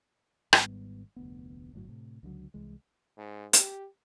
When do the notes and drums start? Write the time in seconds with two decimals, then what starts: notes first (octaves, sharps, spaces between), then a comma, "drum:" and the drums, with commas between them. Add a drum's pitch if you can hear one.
0.53 G#1 G#2 G3 B3, drum: rim click
1.16 F1 D2 B3
1.73 G1 A2 F#3
1.89 A2 C3
2.23 C#2 D3 F3 F#3
2.54 C2 E3 G#3
3.17 G#2
3.53 G4, drum: hi-hat